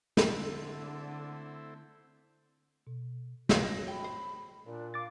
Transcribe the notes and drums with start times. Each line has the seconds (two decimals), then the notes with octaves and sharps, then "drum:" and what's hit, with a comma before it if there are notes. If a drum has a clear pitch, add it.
0.17 D3 A3 C4 E4, drum: snare
2.87 B2
3.49 G#3 C#4 F#4 C#5 D#5, drum: snare
3.88 G5 B5
4.04 C5
4.65 A#2 D4
4.94 F5 D6 A6